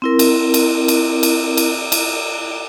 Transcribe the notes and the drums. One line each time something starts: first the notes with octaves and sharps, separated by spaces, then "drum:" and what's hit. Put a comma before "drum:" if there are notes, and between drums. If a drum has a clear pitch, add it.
C4 E4 A#4
drum: cymbal
drum: cymbal
drum: cymbal
drum: cymbal
drum: cymbal
drum: cymbal